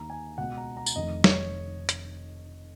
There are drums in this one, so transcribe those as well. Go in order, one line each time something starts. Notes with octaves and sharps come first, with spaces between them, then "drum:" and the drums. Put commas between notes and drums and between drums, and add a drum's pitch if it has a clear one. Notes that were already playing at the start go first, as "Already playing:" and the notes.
Already playing: D#2 D#3 A#5
G#5
C#2 B2 F#5
A#5
A#5
drum: tambourine
F1 F2 D#3 D#5
C#5, drum: snare
drum: hi-hat